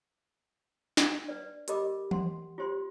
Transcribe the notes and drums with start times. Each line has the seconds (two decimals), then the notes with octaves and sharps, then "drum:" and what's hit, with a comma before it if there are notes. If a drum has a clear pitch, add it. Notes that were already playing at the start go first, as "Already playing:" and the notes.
0.97 D4 F#5, drum: snare
1.28 B4 D5
1.68 G4 A4 A#4 D#5 B5 D6, drum: hi-hat
2.11 F#5 C6, drum: tom E3
2.58 F4 G4 C5 C6